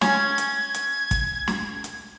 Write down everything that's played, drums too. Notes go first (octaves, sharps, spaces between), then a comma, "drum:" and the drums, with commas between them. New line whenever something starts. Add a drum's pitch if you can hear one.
C#4 G#6, drum: snare
drum: hi-hat
drum: hi-hat
drum: kick, hi-hat
drum: snare
drum: hi-hat